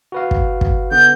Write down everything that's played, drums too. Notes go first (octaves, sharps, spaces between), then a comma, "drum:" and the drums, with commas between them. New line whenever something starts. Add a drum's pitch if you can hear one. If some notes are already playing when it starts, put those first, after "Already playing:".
F#4 B4 F5
drum: kick
drum: kick
D3 B3 G6